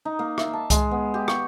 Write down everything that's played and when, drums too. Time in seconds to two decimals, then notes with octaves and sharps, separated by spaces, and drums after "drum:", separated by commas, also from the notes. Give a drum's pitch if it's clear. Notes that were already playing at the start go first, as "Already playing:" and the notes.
0.05 D#4
0.19 A#3
0.38 E5, drum: rim click
0.53 A5
0.70 G#3, drum: kick C2, hi-hat
0.91 B3
1.14 G4
1.28 C#6, drum: rim click